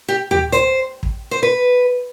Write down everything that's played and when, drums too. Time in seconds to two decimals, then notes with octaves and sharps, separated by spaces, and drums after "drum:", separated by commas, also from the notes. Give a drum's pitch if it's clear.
0.08 G4
0.31 G4, drum: tom D2
0.52 C5, drum: hi-hat
1.03 drum: kick
1.31 C5
1.43 B4